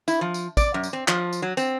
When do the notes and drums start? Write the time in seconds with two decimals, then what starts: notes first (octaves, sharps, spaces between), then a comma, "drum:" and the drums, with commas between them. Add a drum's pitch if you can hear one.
0.08 E4, drum: tambourine
0.21 F3
0.34 drum: tambourine
0.57 D5, drum: kick A1, tambourine
0.74 F#2
0.83 drum: tambourine
0.93 C4
1.08 F3, drum: clap
1.33 drum: tambourine
1.42 F#3
1.57 C4, drum: tambourine